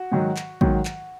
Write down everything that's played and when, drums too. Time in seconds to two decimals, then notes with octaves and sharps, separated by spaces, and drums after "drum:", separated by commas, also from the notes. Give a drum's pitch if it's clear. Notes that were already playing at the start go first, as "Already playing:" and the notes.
Already playing: F#4
0.12 G#2 D#3 F#3
0.36 drum: clap
0.61 G#2 D#3 F#3, drum: kick
0.85 drum: clap